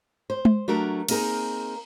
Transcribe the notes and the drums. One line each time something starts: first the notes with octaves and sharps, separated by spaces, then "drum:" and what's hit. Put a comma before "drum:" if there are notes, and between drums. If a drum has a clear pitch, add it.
C5
drum: tom G#3
F#3 A3 D4 F#4 G4 A#4
A#3 C4 D#4 G#4 A#4, drum: cymbal